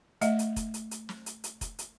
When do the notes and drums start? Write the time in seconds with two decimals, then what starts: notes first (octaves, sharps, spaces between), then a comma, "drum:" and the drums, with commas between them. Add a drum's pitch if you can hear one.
0.21 A3 D#5 E5, drum: hi-hat
0.39 drum: hi-hat
0.56 drum: kick F1, hi-hat
0.74 drum: hi-hat
0.91 drum: hi-hat
1.09 drum: snare
1.26 drum: hi-hat
1.44 drum: hi-hat
1.61 drum: kick F1, hi-hat
1.79 drum: hi-hat